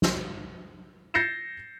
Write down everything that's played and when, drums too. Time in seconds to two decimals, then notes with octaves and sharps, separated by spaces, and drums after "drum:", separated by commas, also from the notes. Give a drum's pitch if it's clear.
0.02 drum: snare
1.14 G6 A6 A#6 C7 C#7 E7